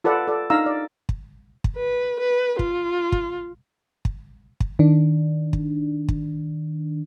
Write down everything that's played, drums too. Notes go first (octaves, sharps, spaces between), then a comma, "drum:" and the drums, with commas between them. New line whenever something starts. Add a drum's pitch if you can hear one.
F4 A4 B4 D5 F#5
A4 D5
D4 D#4 F5 A#5 E6
D5
drum: kick
drum: kick
B4
B4
F4, drum: kick
drum: kick
drum: kick
drum: kick
D#3 D4
drum: kick
drum: kick